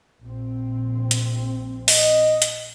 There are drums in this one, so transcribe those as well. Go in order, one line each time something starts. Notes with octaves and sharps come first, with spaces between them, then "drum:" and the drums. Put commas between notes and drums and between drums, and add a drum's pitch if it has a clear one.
A#1 C4
drum: hi-hat
D#5, drum: open hi-hat
drum: hi-hat